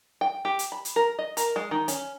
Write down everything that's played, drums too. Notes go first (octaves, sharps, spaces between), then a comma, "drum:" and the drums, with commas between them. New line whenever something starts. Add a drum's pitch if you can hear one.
G5
G4
drum: hi-hat
B5
drum: hi-hat
A#4
D#5
A#4, drum: hi-hat
G#3
D#3
C#4, drum: hi-hat